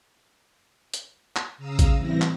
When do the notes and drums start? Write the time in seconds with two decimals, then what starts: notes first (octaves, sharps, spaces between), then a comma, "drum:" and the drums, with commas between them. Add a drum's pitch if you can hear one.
0.94 drum: hi-hat
1.36 drum: clap
1.58 C#3 F5 A#5 D#6 E6
1.79 drum: kick A1, hi-hat
1.95 A2 E3 G3 C4 E4 A#6
2.22 drum: clap